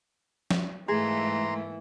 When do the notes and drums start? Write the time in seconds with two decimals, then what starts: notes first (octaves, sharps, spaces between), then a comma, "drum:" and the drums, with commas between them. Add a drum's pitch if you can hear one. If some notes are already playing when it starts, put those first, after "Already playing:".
0.51 drum: snare F3
0.88 G#2 E3 A3 A#3 G#4 A#5 C6